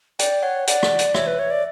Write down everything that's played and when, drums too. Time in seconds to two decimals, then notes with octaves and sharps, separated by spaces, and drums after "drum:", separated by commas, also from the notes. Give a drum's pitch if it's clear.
0.19 D5 G5, drum: hi-hat
0.43 C#5 F#5
0.67 D5 F#5, drum: hi-hat
0.83 drum: rim click
0.99 drum: hi-hat
1.15 C#5 E5, drum: rim click
1.27 B4
1.39 C#5
1.50 D5